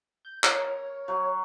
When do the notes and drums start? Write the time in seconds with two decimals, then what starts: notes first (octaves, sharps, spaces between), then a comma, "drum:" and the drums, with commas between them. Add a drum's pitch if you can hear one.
0.25 G6
0.44 A#4 C#5, drum: clap
1.08 F#3